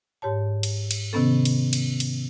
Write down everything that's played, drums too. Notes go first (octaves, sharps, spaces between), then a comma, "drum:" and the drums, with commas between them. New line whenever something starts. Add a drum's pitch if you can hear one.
G#2 G4 C#5 A5
drum: cymbal
drum: cymbal
C3 D#3 B3 C#4 A4
drum: cymbal
drum: cymbal
drum: cymbal